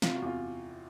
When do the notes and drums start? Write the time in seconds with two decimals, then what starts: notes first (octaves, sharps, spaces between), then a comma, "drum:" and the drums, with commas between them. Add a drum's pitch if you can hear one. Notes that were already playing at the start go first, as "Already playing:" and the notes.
0.02 C3 F4, drum: snare
0.15 F#4
0.22 E2 F4